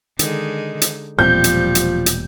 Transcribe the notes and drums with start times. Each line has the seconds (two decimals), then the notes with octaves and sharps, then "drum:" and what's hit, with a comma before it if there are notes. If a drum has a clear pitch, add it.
0.19 D3 D#3 G#3 D#4, drum: hi-hat
0.81 drum: hi-hat
1.19 E1 A#2 F3 G3 C4 G6
1.44 drum: hi-hat
1.75 drum: hi-hat
2.06 drum: hi-hat